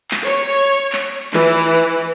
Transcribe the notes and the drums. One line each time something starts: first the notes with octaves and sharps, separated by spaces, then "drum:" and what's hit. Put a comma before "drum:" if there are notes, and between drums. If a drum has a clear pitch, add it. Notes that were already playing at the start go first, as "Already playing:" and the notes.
drum: clap
C#5
drum: clap
E3, drum: clap